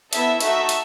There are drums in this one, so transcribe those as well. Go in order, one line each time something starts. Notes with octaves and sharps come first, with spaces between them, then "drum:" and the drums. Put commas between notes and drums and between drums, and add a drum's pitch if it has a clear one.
B3 E4 A4 E5, drum: hi-hat
A3 D#4 F#4 A4 E5, drum: hi-hat
drum: hi-hat